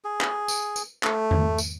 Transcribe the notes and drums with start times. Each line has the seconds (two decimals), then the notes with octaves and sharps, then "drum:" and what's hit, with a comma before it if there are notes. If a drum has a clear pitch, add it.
0.04 G#4
0.21 drum: clap
0.48 drum: tambourine
0.76 drum: tambourine
1.03 A3, drum: clap
1.31 drum: tom E2
1.58 drum: tambourine